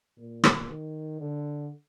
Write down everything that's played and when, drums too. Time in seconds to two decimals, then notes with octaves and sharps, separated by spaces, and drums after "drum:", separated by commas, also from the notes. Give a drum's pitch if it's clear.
0.17 A#2
0.44 drum: rim click
0.69 D#3
1.20 D3